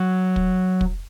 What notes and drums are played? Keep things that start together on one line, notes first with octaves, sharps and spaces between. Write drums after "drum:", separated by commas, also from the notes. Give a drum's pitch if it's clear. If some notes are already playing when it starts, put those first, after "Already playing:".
Already playing: F#3
drum: kick
drum: kick